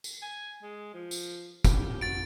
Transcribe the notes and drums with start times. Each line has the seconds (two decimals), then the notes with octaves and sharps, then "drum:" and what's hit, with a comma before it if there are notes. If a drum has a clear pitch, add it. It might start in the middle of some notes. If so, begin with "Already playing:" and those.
0.04 drum: tambourine
0.22 G#5
0.63 G#3
0.94 F3
1.11 drum: tambourine
1.65 G4, drum: kick, tambourine
2.01 F#4 A6 D7